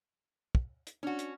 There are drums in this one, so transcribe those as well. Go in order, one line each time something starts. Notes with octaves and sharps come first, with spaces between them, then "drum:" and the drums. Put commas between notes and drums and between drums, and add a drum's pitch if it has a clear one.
drum: kick
drum: hi-hat
C#4 D4 F#4
drum: hi-hat